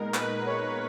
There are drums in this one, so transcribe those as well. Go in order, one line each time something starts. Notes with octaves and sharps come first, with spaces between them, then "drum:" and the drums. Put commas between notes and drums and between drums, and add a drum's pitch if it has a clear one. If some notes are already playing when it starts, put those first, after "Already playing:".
Already playing: A#2 G#3 B3 D#4 A#4
B4, drum: clap
C#5